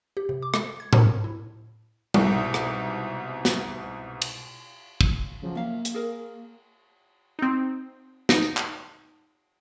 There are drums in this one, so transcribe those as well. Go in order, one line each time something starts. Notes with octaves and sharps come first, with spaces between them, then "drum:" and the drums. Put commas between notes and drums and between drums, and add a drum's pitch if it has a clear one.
G4
C3
D6
G#3, drum: rim click
G#6
A#4, drum: tom A2
G#2
E4
C2 G#2 B2, drum: tom G3
drum: rim click
drum: snare
drum: cymbal
drum: kick
C#3 F3 F#3
A#3 E5 F5
drum: hi-hat
G#4 A#4 F5
C4 D#4
D#4, drum: snare
drum: tambourine
drum: clap